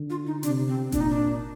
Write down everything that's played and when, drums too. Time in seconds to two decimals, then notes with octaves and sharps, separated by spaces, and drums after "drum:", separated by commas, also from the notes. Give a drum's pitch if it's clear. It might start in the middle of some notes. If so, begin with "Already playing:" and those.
Already playing: D3
0.10 F4
0.27 D#4
0.43 C3 D4, drum: hi-hat
0.68 C4
0.92 A#2 D4, drum: kick F#1, hi-hat
1.01 D#4
1.10 D4